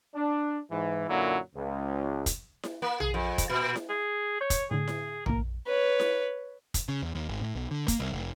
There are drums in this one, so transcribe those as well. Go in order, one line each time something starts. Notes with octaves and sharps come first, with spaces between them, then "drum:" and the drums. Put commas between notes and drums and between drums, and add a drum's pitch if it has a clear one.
D4
G#2 E3
F#2 A#2 D3 F#3 A#3 E4
C#2
drum: kick, hi-hat
drum: snare E4
A#3
G#4, drum: tom A#1
F2
drum: kick, hi-hat
A#2
drum: snare E4
G#4
C#5 G6
drum: kick, hi-hat
A2 D3 G#4
drum: snare E4
A1 A#3 A#4, drum: tom A#1
B4 C#5
drum: snare E4
drum: kick, hi-hat
C#3
E2
D#2
G#1
A2
B1
D3
A#3, drum: kick, hi-hat
C2
F1